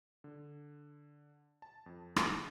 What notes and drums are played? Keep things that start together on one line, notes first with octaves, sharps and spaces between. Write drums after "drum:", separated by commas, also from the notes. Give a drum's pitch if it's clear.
D3
A5
F2
drum: rim click